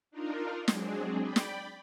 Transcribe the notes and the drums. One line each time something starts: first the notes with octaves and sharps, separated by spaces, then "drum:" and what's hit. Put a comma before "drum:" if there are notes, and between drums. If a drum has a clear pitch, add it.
D4 D#4 F4 A#4
F#3 G#3 C4 D4 G#4, drum: snare
D5 G5 B5
drum: snare